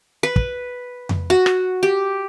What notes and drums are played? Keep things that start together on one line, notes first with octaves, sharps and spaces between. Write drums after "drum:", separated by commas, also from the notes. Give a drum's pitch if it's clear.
B4
drum: kick
drum: tom F2
F#4
drum: rim click
G4